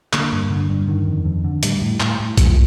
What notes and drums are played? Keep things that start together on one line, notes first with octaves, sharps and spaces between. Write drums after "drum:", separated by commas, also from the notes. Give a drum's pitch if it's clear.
D3 A#3, drum: clap
G2
D3
G2
D3 D#3
F2
F2
D3
A2 G3, drum: hi-hat
A2
A2, drum: clap
A2
A2 F3, drum: kick A#1, hi-hat